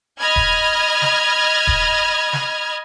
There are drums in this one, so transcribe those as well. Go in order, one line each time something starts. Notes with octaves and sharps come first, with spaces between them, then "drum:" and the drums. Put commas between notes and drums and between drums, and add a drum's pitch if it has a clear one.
D#5 B5 F6 G#6
drum: kick D#1
drum: snare
drum: kick D#1
drum: snare